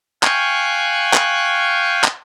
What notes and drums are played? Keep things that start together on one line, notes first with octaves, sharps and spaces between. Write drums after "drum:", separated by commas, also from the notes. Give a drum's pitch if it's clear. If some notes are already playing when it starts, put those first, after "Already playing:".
F5 G5 G#5 C#6 F#6, drum: clap
drum: clap
drum: clap